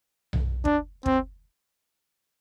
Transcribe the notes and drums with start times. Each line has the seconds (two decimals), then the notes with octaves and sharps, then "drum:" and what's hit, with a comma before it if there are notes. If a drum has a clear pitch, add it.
0.33 drum: tom B1
0.65 D4, drum: kick
1.06 C4, drum: kick